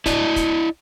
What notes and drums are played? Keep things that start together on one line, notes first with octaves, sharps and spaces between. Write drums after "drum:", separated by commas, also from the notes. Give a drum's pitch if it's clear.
E4 D5 D#5, drum: kick, hi-hat
drum: kick, hi-hat